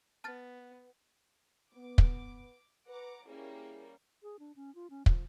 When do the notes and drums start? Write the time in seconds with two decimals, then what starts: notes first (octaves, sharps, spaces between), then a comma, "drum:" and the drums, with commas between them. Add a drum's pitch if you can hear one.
0.24 B3 A5 F6 A6
1.74 B3 D6
1.98 drum: kick
2.87 B4 F#5 A#5 D6
3.26 G3 A#3 C#4 E4 G#4
4.23 G#4
4.39 D4
4.56 C#4
4.75 F4
4.90 C#4
5.06 F3, drum: kick